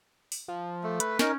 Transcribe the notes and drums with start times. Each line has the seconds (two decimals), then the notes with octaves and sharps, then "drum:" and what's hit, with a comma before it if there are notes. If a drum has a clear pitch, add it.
0.32 drum: open hi-hat
0.48 F3
0.83 A3
1.00 B4, drum: hi-hat
1.19 C#4 D#4 A#4, drum: snare